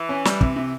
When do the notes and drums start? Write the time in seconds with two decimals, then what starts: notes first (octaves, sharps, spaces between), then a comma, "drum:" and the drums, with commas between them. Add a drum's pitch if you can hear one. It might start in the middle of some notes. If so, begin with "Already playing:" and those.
Already playing: E3
0.09 C#4
0.25 G3, drum: snare
0.41 C3, drum: kick
0.56 C3